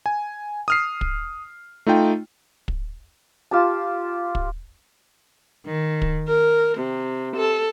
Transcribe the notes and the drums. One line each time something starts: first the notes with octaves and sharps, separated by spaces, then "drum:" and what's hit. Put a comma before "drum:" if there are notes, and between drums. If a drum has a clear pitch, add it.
G#5
D#6 F6 C7
drum: kick
A3 D#4 F4 G5
drum: kick
F4 G4 A5
drum: kick
D#3
drum: kick
A#4
C3
A4